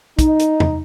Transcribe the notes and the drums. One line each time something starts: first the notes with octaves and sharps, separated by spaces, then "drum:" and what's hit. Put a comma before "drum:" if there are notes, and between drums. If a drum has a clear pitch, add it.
D#4, drum: kick, hi-hat
drum: hi-hat
drum: tom